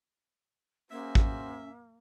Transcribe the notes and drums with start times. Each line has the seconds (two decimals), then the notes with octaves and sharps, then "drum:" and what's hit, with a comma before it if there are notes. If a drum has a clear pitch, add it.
0.91 A#3 C#4 F#4 G#4 C5 E5
1.15 drum: kick A1